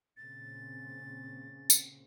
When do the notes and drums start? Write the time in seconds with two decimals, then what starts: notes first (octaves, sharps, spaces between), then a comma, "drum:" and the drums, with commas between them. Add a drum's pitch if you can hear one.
0.17 A#2 C#3 C4 A6
1.70 drum: tambourine